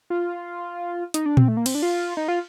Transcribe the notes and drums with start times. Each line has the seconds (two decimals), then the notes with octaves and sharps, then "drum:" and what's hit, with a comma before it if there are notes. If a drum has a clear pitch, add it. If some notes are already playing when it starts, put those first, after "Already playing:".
0.10 F4
1.14 D#4, drum: hi-hat
1.26 D4
1.37 C4, drum: tom A#2
1.48 A3
1.57 A#3
1.66 C4, drum: cymbal
1.75 D4
1.82 F4
2.17 D#4
2.28 F4